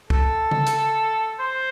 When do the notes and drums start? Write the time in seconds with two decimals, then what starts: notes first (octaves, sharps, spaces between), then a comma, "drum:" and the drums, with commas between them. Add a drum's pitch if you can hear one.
0.10 A4, drum: kick C2
0.51 drum: tom C#3
0.67 drum: hi-hat
1.40 C5